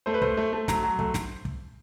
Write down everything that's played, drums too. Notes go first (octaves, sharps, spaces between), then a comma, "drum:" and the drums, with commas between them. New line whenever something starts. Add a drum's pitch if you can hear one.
A3 C5
B4
A3 C5, drum: kick
A3
A3
F#3, drum: snare
F#3
A3, drum: kick
drum: snare
drum: kick